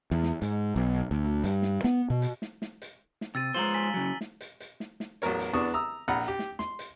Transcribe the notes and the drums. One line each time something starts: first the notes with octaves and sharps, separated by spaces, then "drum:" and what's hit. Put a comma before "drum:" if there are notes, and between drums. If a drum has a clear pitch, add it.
E2
drum: snare
G#2, drum: hi-hat
B1
D2
G2, drum: hi-hat
drum: snare
B3, drum: snare
B2
drum: hi-hat
drum: snare
drum: snare
drum: hi-hat
drum: snare
C3 E6 A6 D#7
G#3 F4 C5 A#5 F#7 G7
G#5 B6
C#3 F#3
drum: snare
drum: hi-hat
drum: hi-hat
drum: snare
drum: snare
A1 E2 F#3 A#4 C#5, drum: hi-hat
drum: hi-hat
E2 E3 B3 D4 C#6 D#6
A#5 D#6 E6
A#1 F#5 A#5 B5 F6
G4
drum: snare
C6, drum: snare
drum: hi-hat